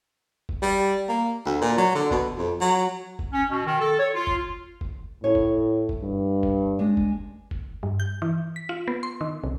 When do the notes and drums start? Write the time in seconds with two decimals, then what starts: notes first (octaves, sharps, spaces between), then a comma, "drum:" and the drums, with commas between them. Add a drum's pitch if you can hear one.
0.49 drum: kick F#1
0.62 G3
1.09 A#3
1.46 D2
1.62 A#2
1.78 F#3
1.95 D3
2.11 B2, drum: kick F#1
2.38 F2
2.61 F#3
3.19 drum: kick F#1
3.32 C#4
3.50 B2
3.66 D#3
3.81 A4
3.99 C#5
4.15 F4
4.27 drum: kick F#1
4.81 drum: kick F#1
5.24 A2 C#5
5.35 drum: kick F#1
5.89 drum: kick F#1
6.01 G2
6.43 drum: kick F#1
6.79 G#3 D4
6.97 drum: kick F#1
7.51 drum: kick F#1
7.83 G2
8.00 G6
8.22 E3
8.56 B6
8.69 F4
8.88 B3
9.03 C6
9.21 D#3
9.44 C2